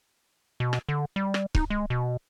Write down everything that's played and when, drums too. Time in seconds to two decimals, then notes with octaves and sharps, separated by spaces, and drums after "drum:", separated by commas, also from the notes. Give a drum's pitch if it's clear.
0.60 B2
0.73 drum: rim click
0.89 D3
1.16 G3
1.34 drum: rim click
1.55 D#4, drum: kick
1.70 G#3
1.90 B2